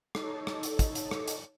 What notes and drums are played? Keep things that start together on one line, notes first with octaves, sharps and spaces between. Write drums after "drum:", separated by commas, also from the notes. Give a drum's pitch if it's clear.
D#4 A4 C#5, drum: rim click
drum: rim click
drum: hi-hat
drum: kick, hi-hat
drum: hi-hat
drum: rim click
drum: hi-hat